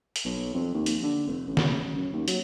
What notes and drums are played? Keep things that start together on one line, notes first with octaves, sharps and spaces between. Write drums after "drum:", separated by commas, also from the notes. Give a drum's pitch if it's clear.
drum: hi-hat
B1
F2
D#2
drum: hi-hat
D3
F1
A1
drum: snare
F#2
D#2
F#3, drum: hi-hat